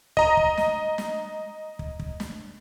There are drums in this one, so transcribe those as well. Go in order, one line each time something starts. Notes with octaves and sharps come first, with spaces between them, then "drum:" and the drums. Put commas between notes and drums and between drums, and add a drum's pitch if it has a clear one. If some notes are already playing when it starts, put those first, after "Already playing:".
D#5 A#5, drum: kick
drum: kick
drum: snare
drum: snare
drum: kick
drum: kick
drum: snare